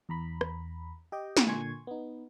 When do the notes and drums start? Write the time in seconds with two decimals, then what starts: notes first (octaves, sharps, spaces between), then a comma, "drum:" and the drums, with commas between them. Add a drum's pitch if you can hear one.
0.09 E2 A#5 B5
0.41 drum: rim click
1.12 G4 D#5 G5
1.37 drum: snare
1.47 A#2 D3 G#5 C6 C#6 G#6
1.87 B3 D#4